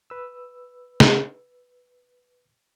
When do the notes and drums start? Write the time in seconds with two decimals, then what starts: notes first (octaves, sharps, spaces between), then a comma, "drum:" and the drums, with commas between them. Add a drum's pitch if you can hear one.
0.10 B4 E6
1.00 drum: snare